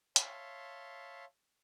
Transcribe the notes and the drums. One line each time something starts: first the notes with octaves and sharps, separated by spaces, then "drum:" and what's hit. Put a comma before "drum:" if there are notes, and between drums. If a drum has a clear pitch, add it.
C#5 E5 F5 A5 C6, drum: hi-hat